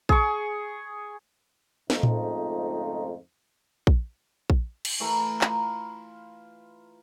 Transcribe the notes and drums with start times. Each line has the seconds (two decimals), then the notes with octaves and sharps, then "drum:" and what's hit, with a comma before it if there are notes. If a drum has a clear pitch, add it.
0.09 G#4 C#6, drum: kick A#1
1.90 F2 G#2 C#3 A3 D#4 F4, drum: snare
2.03 drum: tom A2
3.87 drum: kick A#1
4.50 drum: kick A#1
4.85 drum: cymbal
5.00 E3 A3 A#4
5.41 F4 A#5 B5, drum: clap